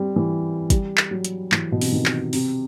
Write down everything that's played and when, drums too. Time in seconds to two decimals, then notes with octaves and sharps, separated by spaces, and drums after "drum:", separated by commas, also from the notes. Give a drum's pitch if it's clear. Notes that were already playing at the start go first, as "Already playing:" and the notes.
Already playing: G3 C4
0.16 E3
0.70 G3, drum: kick, hi-hat
0.97 drum: clap
1.11 F#3
1.25 drum: hi-hat
1.52 E3, drum: clap
1.72 B2
1.81 C3, drum: open hi-hat
1.92 D#3
2.06 drum: clap
2.33 C3, drum: open hi-hat